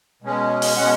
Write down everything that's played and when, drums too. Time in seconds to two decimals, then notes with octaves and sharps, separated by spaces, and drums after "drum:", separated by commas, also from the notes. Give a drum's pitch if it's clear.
0.22 B2 G#3 C#4
0.62 drum: open hi-hat
0.77 B2 G#3 C#4 F#5